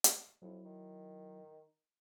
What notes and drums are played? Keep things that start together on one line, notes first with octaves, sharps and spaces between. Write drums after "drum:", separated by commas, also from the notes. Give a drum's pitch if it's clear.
drum: hi-hat
F2 F#3 E4
D#3